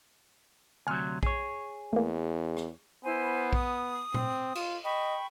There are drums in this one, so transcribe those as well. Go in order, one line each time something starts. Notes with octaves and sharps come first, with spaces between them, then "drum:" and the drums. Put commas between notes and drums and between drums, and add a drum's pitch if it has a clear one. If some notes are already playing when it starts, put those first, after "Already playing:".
D2 C3 F#3 G#5 F6
G#4 C#5, drum: kick A#1
E2 A3 A#3
drum: rim click
B3 E4 C5 G#5
D#6, drum: kick A#1
C4, drum: tom A#2
F4, drum: cymbal
D#5 G5 B5 C#6